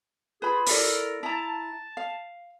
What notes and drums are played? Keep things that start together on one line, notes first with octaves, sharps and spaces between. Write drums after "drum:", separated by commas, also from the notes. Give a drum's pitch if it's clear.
F4 G#4 B4 B5
E4 A4 A#4 D5, drum: open hi-hat
E4 A5 A#5
F5